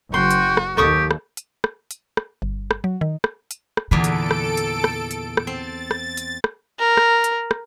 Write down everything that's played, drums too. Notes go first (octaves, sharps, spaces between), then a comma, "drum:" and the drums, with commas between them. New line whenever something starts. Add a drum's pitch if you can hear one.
F#1 F#4 G5 C6
drum: hi-hat
drum: rim click
D#2 G4 A4 C#6 D#6
drum: rim click
drum: hi-hat
drum: rim click
drum: hi-hat
drum: rim click
G1
drum: rim click
F#3
D#3
drum: rim click
drum: hi-hat
drum: rim click
E2 A#2 D3 A4 B4 D7
drum: hi-hat
drum: rim click
drum: hi-hat
drum: rim click
drum: hi-hat
drum: rim click
C4 A6
drum: rim click
drum: hi-hat
drum: rim click
A#4
drum: rim click
drum: hi-hat
drum: rim click